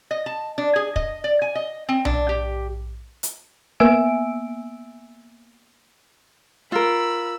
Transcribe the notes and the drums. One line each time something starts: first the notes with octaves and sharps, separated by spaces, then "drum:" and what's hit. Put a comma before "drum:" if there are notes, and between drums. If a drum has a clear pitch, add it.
D#5
A5
D4
G#4
D#5, drum: kick
D5
G#5
D#5
C4
D4, drum: tom B1
G4
drum: hi-hat
A#3 B3 E5 G#5 E6 D7
F4 A#4 B5 E6